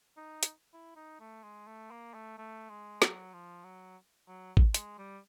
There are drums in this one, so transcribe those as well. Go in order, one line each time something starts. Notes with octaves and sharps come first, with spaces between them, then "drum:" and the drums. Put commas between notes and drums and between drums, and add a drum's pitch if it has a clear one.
D#4
drum: hi-hat
E4
D#4
A3
G#3
A3
A#3
A3
A3
G#3
F#3, drum: snare
F3
F#3
F#3
drum: kick
G#3, drum: hi-hat
G3